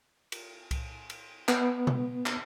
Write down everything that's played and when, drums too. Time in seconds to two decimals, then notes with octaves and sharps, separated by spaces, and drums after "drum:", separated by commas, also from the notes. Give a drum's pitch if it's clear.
0.32 drum: cymbal
0.71 drum: kick C2, cymbal
1.10 drum: cymbal
1.48 B3, drum: clap
1.87 drum: tom B2
2.26 drum: clap